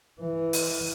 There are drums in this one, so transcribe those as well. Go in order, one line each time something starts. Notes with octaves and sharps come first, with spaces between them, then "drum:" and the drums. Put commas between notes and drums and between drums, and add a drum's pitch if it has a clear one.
E3
drum: open hi-hat